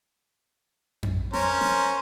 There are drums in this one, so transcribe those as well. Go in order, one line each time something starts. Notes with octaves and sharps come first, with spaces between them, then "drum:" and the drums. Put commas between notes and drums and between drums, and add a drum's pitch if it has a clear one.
drum: tom F2
C#4 A#4 C5, drum: snare
drum: snare